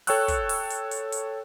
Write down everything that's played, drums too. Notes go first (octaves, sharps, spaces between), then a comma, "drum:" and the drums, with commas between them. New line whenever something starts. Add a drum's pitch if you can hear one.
A4 C#5 G5 C#6 E6 F#6, drum: open hi-hat
drum: kick, hi-hat
drum: open hi-hat
drum: hi-hat
drum: hi-hat
drum: hi-hat